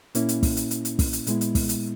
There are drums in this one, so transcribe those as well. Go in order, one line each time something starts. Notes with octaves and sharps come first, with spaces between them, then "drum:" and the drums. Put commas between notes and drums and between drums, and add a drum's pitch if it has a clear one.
A#2 A#3 C#4 E4, drum: hi-hat
drum: hi-hat
drum: kick, open hi-hat
drum: hi-hat
drum: hi-hat
drum: hi-hat
drum: kick, open hi-hat
drum: hi-hat
A#2 G#3 B3 E4, drum: hi-hat
drum: hi-hat
drum: kick, open hi-hat
drum: hi-hat